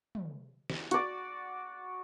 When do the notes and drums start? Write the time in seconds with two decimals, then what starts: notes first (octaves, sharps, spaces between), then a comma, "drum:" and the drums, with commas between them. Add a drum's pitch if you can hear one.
0.15 drum: tom
0.70 drum: snare
0.91 F#4 D5, drum: hi-hat